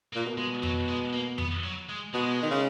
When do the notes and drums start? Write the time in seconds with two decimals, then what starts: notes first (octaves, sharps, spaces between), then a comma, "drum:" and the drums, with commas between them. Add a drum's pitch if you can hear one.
0.13 A#3
0.16 A#2
0.26 B2
0.38 G#3
0.63 F#3, drum: tom F2
0.89 G#3
1.13 A#3
1.38 B3, drum: tom F2
1.63 F#3
1.89 G#3
2.13 B2 G#3
2.43 D#3
2.51 C#3